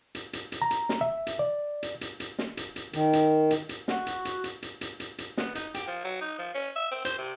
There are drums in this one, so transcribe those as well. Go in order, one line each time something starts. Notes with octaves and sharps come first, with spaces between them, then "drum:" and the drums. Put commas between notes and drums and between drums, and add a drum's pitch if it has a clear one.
drum: hi-hat
drum: hi-hat
drum: hi-hat
A#5
drum: hi-hat
drum: snare
E5
drum: hi-hat
D5
drum: hi-hat
drum: hi-hat
drum: hi-hat
drum: snare
drum: hi-hat
drum: hi-hat
D#3, drum: hi-hat
drum: hi-hat
drum: hi-hat
drum: hi-hat
F#4, drum: snare
drum: hi-hat
drum: hi-hat
drum: hi-hat
drum: hi-hat
drum: hi-hat
drum: hi-hat
drum: hi-hat
B3, drum: snare
D#4, drum: hi-hat
G4, drum: hi-hat
F3
F#3
D#4
F3
C#4
E5
C4
C5, drum: hi-hat
C3